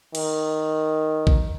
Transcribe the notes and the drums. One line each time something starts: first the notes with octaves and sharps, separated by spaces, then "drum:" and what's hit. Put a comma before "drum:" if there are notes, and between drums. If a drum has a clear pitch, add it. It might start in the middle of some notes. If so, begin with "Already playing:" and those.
D#3, drum: cymbal
drum: kick A#1